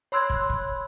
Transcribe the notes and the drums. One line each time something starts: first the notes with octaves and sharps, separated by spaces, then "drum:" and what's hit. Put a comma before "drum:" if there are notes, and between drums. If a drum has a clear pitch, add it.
C#5 B5 C6 E6 F#6 G#6
drum: kick
drum: kick